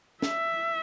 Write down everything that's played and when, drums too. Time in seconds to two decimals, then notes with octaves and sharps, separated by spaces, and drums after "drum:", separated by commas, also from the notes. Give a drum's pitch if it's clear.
0.22 E5, drum: snare